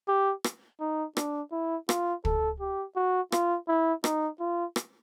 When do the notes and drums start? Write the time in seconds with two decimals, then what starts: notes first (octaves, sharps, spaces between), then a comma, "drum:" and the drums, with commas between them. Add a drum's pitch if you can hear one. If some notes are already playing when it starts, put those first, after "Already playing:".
0.08 G4
0.44 drum: rim click
0.80 D#4
1.17 D4, drum: rim click
1.52 E4
1.89 F4, drum: rim click
2.25 A4, drum: kick
2.60 G4
2.96 F#4
3.32 F4, drum: rim click
3.68 E4
4.04 D#4, drum: rim click
4.40 F4
4.76 drum: rim click